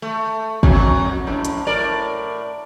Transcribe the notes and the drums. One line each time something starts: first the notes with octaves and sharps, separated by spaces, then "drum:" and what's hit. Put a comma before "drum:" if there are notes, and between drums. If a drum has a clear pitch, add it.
A3
F2 F#3, drum: kick
F#2 A2
drum: hi-hat
A2 A#4 D5